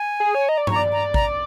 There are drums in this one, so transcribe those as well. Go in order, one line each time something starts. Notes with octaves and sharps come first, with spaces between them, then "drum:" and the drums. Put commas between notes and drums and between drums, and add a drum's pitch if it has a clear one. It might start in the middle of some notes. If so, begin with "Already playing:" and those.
Already playing: G#5
G#4
C#5
D#5 A#5
D5
C#5 A#5, drum: tom G2
D5
A#5
A#5, drum: kick A1